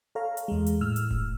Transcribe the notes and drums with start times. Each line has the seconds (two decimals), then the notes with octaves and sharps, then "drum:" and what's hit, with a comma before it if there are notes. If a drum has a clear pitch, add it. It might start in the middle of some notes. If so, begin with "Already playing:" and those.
0.15 A4 C#5 F5 A#5
0.37 drum: hi-hat
0.48 E2 G#3
0.66 drum: hi-hat
0.81 A2 E6 F6
0.96 drum: hi-hat
1.11 drum: kick E1